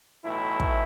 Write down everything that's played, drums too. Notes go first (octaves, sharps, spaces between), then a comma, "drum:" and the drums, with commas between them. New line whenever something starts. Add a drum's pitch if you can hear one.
B1 A2 E3 E4
drum: kick